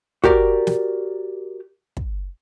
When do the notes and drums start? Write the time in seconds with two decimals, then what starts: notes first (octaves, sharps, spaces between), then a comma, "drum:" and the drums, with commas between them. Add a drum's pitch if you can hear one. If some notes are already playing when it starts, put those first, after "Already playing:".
0.24 F#4 G4 A#4 D5, drum: kick
0.67 drum: snare
1.97 drum: kick